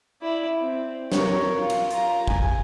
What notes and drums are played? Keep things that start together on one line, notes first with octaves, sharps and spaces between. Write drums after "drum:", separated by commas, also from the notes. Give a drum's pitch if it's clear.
E4 D5
C4
A#4 C#5, drum: snare
F4
drum: cymbal
F4 A#5, drum: hi-hat
G#5, drum: kick